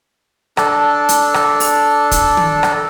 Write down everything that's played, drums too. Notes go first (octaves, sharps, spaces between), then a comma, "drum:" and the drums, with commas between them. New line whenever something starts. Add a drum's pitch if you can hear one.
D4 A4, drum: rim click
drum: hi-hat
drum: rim click
drum: open hi-hat
drum: kick, hi-hat
drum: tom
drum: rim click